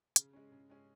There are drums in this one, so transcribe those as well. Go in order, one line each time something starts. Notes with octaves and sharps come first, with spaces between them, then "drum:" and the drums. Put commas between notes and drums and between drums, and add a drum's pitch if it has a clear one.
C#3, drum: hi-hat
G#3 C#4
C#3
G#3 C#4